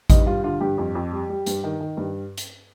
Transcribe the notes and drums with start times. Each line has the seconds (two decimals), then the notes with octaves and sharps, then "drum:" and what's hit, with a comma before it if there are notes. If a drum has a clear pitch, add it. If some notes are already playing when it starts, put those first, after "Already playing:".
0.10 G2 D#4, drum: kick A1, hi-hat
0.26 G3 F4
0.44 D3 F4
0.61 G2 G4
0.78 F2
0.95 F2
1.12 G3
1.29 G3
1.46 G2, drum: hi-hat
1.64 D#3
1.81 D#3
1.97 G2
2.38 drum: hi-hat